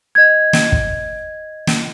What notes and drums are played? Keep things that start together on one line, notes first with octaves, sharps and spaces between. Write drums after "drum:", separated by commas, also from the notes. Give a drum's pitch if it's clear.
D#5 G#6
drum: snare
drum: kick
drum: snare